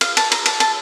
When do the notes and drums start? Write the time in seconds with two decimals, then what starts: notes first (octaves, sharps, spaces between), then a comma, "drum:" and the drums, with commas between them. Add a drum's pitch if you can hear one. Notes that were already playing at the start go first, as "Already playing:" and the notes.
0.01 F5, drum: cymbal
0.17 A5, drum: cymbal
0.32 A#5, drum: cymbal
0.46 A5, drum: cymbal
0.60 A5, drum: cymbal